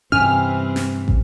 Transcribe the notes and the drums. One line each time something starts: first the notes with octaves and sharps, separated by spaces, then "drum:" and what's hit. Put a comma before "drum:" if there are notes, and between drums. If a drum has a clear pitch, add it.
G2 C3 E3 C4 C#4 G5 G#5 F6
drum: snare
drum: kick